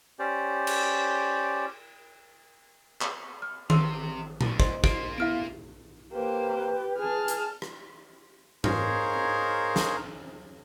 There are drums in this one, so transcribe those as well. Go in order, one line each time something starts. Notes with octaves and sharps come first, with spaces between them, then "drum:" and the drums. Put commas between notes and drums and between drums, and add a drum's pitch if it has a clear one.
C#4 G4 C5 D5
drum: cymbal
drum: clap
F6
A1 C3 C6 E6, drum: tom D#3
D2 D3, drum: tom A#2
C5 D#5 C6, drum: kick
A#3 F4 D7, drum: kick
B3 E4 E5 F5 F6 D7
A#3 G4 B4 C5
G#4 A5 F6
drum: hi-hat
drum: rim click
D#4 G#4 A#4 C5 C#5 F5, drum: tom G#2
drum: snare